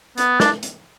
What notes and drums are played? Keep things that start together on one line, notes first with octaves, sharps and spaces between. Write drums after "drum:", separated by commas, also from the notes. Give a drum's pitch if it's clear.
B3, drum: hi-hat
D4, drum: snare
drum: hi-hat